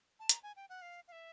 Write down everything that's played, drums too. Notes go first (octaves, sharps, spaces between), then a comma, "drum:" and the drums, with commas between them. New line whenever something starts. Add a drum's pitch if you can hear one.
A5
A#5, drum: hi-hat
G#5
G5
F#5
F5
F5
E5